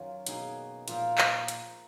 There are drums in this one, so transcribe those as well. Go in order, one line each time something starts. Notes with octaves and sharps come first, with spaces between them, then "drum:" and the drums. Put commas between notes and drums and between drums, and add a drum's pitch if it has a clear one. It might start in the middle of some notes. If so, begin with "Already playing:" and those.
Already playing: F#2 D#3 F#3 C#4 F4
B2 A#3 D#4 G#4, drum: hi-hat
A#2 F3 A#3 F4, drum: hi-hat
drum: clap
drum: hi-hat